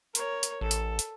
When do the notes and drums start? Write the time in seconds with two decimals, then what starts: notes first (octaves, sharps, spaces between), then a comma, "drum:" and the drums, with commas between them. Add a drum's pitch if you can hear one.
0.15 A#4 C#5, drum: hi-hat
0.43 drum: hi-hat
0.61 A1 A4
0.71 drum: hi-hat
0.99 drum: hi-hat